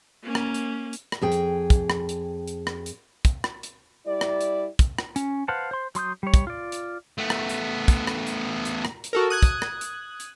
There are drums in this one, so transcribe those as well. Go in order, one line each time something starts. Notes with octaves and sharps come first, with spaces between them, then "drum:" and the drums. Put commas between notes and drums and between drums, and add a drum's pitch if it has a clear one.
A#3 C#4
drum: rim click
drum: hi-hat
drum: hi-hat
drum: rim click
F2 G#4 G5
drum: hi-hat
drum: kick, hi-hat
drum: rim click
drum: hi-hat
drum: hi-hat
drum: rim click
drum: hi-hat
drum: kick, hi-hat
drum: rim click
drum: hi-hat
G3 E4 D5
drum: rim click
drum: hi-hat
drum: kick, hi-hat
drum: rim click
C#4, drum: hi-hat
B4 C5 F5 F#5 A5
C5 C6
F#3 C6 D#6 G6, drum: hi-hat
G3 C#5
drum: kick, hi-hat
F4 D5
drum: hi-hat
A3 B3
drum: rim click
drum: hi-hat
drum: kick, hi-hat
drum: rim click
drum: hi-hat
drum: hi-hat
drum: rim click
drum: hi-hat
F#4 A4 A#4
D#6 F#6 G#6
drum: kick, hi-hat
drum: rim click
drum: hi-hat
drum: hi-hat